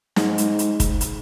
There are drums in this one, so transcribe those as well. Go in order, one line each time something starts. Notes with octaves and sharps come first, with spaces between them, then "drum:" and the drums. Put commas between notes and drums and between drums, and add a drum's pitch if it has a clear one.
G#2, drum: snare
drum: hi-hat
drum: hi-hat
drum: kick, hi-hat
drum: hi-hat